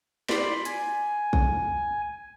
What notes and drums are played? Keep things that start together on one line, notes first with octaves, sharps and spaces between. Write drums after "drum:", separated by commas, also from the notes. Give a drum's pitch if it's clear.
D5 B5 C6, drum: snare
G#5, drum: hi-hat
drum: kick